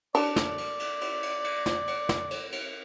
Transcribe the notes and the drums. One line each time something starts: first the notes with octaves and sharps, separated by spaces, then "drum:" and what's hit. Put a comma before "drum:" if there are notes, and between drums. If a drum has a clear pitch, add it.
D4 D5, drum: cymbal
drum: snare
drum: cymbal
drum: cymbal
drum: cymbal
drum: cymbal
drum: cymbal
drum: snare
drum: cymbal
drum: snare
drum: cymbal
drum: cymbal